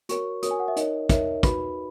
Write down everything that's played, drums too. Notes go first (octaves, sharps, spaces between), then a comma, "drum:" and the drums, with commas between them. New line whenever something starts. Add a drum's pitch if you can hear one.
F#4 A#4 C#5 C#6, drum: hi-hat
F#4 A#4 C#5 D#6, drum: hi-hat
G#5
F#5
E5
D#4 A#4 C#5 D#5, drum: hi-hat
D#4 A#4 C#5 E5, drum: kick, hi-hat
D#4 F#4 B4 B5, drum: kick, hi-hat